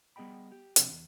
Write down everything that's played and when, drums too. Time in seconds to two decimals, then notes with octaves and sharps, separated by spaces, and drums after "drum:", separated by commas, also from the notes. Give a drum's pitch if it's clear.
0.16 G3 B3 G#4 D#5 G5 B5
0.52 G4
0.76 C3 F3 C4 D4, drum: hi-hat
0.91 E2